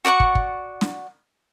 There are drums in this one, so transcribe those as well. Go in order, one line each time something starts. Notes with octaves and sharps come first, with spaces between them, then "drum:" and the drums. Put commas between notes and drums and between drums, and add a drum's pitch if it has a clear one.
F#4 D5 F#5 C#6
drum: kick
drum: kick
drum: snare